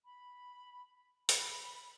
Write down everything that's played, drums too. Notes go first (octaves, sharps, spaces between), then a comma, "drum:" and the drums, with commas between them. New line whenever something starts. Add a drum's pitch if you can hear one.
B5
B5, drum: open hi-hat